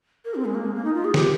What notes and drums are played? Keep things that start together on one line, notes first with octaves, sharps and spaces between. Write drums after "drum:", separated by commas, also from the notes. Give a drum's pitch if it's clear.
A#4
C4
G#3
A#3
G#3
A#3
D#4
F4
G#4
G4, drum: snare D#3